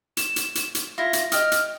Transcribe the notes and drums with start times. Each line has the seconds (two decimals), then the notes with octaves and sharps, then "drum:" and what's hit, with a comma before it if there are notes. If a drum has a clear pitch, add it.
0.17 E7, drum: hi-hat
0.36 drum: hi-hat
0.55 drum: hi-hat
0.75 drum: hi-hat
0.98 E4 F4 A#6
1.13 drum: hi-hat
1.32 D#5 G5 D#6 F6, drum: hi-hat
1.52 drum: hi-hat